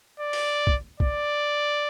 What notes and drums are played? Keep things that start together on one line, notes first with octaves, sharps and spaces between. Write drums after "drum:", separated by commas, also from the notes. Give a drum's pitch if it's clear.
D5
drum: open hi-hat
drum: kick
D5, drum: kick